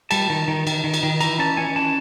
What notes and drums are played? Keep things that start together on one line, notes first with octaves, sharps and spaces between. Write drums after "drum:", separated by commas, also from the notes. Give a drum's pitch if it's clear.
G3 A5, drum: cymbal
D#3
D#3
D#3, drum: cymbal
D#3
drum: cymbal
D#3
E3 A#5, drum: cymbal
C#4 A5
C#4 G#5
E3 A5